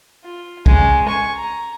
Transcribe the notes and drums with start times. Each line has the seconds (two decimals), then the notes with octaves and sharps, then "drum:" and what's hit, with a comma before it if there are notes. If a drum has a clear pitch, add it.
0.24 F4
0.66 G#3 C#4, drum: kick
1.07 G#5 C#6
1.36 A#5